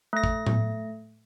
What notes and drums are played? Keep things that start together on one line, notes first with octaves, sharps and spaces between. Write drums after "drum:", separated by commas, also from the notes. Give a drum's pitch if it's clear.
A3 A#6
drum: kick
drum: tom A2